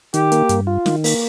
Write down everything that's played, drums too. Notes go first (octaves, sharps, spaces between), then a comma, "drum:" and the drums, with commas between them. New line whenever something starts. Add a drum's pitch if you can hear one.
D#3 G4, drum: hi-hat
A#3, drum: hi-hat
G2, drum: hi-hat
F4
D#3, drum: snare
A#3, drum: open hi-hat